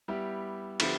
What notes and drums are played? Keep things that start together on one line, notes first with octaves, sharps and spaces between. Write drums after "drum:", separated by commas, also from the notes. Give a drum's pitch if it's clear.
G3 B3 E4 G4
D3 F3 B3 E4 G4, drum: cymbal